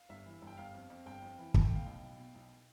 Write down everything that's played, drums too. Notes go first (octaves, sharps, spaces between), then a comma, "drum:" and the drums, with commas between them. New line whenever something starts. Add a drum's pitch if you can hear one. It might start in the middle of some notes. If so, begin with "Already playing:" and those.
Already playing: F5
G1 E5
E3
G1
G5
G1 F5
F2
F2
G1 G5
F2
E3
A3, drum: kick
G5
B2 F5
B1 G5
B2
B2
B1